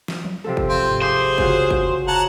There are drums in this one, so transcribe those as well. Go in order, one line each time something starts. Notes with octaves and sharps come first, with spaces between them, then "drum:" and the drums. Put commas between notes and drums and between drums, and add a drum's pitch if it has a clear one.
drum: snare
drum: tom F3
C3 F3 A4
drum: kick
C4 F4
drum: tom G2
G#4 C5 D6 G6
C#3 F4 F#4, drum: kick
drum: kick
C#5 F#5 A5 A#5